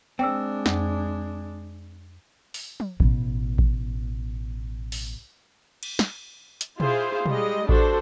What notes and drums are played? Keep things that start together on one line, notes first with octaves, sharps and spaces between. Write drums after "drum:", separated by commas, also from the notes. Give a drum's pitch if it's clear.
G#3 C4 D4 G5 E6
F2, drum: snare
drum: open hi-hat
drum: tom
A1 B2, drum: kick A1
drum: kick A1
drum: open hi-hat
drum: cymbal
drum: snare
drum: hi-hat
E4 F4 G#4 C5 F5, drum: tom
G3 G#3 D#5, drum: tom
D4 F#4 A4 C5, drum: kick A1